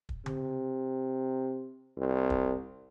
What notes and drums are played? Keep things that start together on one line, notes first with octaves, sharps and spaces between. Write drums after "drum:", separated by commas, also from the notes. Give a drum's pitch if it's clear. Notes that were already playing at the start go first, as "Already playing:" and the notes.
drum: kick
C3, drum: tom C#3
C2
drum: kick